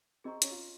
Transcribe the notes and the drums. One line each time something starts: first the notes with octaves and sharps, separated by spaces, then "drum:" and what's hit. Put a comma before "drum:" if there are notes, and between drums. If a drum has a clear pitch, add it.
C4 G#4 D#5 A#5 C#6
C#4, drum: hi-hat
F4